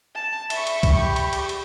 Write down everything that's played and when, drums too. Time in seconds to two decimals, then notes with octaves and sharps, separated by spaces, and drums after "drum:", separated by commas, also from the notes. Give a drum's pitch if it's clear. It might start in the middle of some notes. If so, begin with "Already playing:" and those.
0.15 A5
0.50 E5 B5 C#6, drum: cymbal
0.67 drum: cymbal
0.83 drum: kick C2, cymbal
0.93 G4
1.16 drum: cymbal
1.33 drum: cymbal
1.49 drum: cymbal